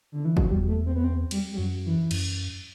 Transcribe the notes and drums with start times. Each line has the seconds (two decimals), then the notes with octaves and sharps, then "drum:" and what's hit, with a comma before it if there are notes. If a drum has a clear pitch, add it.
0.12 D3
0.25 E3
0.37 F#3, drum: kick
0.50 E2 G3
0.68 A3
0.86 C4
0.95 B3
1.04 C4
1.31 G3, drum: cymbal
1.51 G3
1.57 F#2 F#3
1.85 E3
2.11 F#2, drum: cymbal